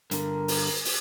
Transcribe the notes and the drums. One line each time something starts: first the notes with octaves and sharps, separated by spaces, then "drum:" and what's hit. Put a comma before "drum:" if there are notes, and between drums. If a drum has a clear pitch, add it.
G2 D3 A#4, drum: hi-hat
drum: open hi-hat
drum: open hi-hat